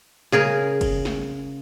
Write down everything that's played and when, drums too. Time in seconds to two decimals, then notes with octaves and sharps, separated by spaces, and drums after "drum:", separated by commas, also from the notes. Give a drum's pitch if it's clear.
0.32 C#3 G#4 A#4, drum: snare
0.81 drum: kick, cymbal
1.05 drum: snare